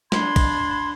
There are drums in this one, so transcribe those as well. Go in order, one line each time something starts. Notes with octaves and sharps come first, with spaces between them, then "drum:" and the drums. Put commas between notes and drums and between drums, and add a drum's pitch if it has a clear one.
D4 B5 C6 G#6, drum: snare
drum: kick, cymbal